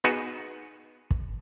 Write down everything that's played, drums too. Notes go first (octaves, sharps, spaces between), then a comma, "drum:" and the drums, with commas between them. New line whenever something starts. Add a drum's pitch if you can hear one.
B3 D#4 F#4 G#4 B4
drum: kick